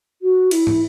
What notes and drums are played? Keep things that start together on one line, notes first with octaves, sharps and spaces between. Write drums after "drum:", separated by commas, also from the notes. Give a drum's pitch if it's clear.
F#4
E4, drum: cymbal
drum: tom